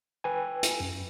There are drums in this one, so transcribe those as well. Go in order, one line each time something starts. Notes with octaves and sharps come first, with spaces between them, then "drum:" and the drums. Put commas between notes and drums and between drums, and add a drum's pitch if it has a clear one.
B4 G5 G#5
drum: hi-hat
F#2